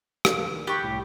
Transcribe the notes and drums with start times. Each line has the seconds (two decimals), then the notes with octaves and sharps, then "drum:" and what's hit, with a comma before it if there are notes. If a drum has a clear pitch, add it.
0.25 A4 B4 F5, drum: rim click
0.51 D#3
0.67 G4 B5 C#6 F#6 A6
0.84 C2 A2 D6